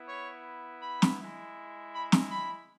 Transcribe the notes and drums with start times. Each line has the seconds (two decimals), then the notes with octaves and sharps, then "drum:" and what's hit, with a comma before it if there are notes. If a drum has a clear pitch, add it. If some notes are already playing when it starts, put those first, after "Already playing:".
Already playing: B3 E4
0.08 C#5
0.82 B5
1.02 drum: snare
1.19 G#3 E4
1.94 B5
2.12 drum: snare
2.31 B5